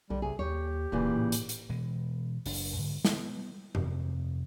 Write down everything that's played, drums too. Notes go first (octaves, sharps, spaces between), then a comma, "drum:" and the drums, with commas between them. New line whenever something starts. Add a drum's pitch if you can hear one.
B1 D3 G3
C3 G#4
D#2 G4 C#5
D1 A#2 C#3 E3
A2
drum: hi-hat
drum: hi-hat
B2 E3 G#3
F#1 D4, drum: open hi-hat
G#2 D3
B3, drum: snare
F2 C3 C4, drum: tom G2